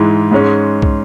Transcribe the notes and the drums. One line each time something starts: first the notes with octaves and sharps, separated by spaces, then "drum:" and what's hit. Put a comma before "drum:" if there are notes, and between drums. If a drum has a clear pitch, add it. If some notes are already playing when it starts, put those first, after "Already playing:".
Already playing: G#2 E3 G#3
G#2 G#3 C#4
drum: kick